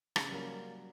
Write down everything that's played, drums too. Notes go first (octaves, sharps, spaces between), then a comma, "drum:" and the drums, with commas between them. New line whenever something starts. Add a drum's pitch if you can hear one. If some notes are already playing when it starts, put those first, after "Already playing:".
C#3 G3, drum: rim click
G3
F#3 A#3